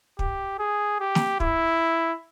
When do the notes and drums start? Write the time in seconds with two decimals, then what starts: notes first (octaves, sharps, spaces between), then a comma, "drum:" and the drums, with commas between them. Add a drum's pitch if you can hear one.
0.19 G4, drum: kick
0.59 G#4
1.00 G4
1.15 drum: snare
1.40 E4, drum: kick